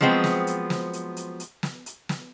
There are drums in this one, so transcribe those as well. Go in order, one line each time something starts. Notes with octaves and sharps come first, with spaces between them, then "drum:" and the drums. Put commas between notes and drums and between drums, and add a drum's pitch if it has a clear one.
F3 F#3 G#3 B3 C4
drum: snare
drum: hi-hat
drum: snare
drum: hi-hat
drum: hi-hat
drum: hi-hat
drum: snare
drum: hi-hat
drum: snare